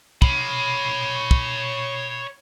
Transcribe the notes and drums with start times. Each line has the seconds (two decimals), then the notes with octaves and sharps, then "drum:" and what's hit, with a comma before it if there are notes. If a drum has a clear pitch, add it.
0.22 C#5 B5, drum: kick
1.31 drum: kick